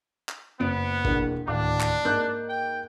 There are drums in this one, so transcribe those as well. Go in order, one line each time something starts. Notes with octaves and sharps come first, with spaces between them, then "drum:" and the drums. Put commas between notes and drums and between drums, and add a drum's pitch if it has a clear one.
drum: clap
F#1 B3 D7
E1 A#3 D4 E4, drum: kick G1
D1 D#2 D4 F5 D6
drum: clap
G#2 A#3 D6 F#6 G6
G5